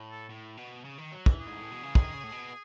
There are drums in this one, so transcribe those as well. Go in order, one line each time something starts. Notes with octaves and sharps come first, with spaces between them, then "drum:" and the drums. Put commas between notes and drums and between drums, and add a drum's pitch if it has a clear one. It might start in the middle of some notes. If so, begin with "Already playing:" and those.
Already playing: A2
A4
A2
B2
C#3
D#3
F#3
E3, drum: kick
G#4
G#2
A2
B2
C#3
D#3, drum: kick
C#3
A2
B2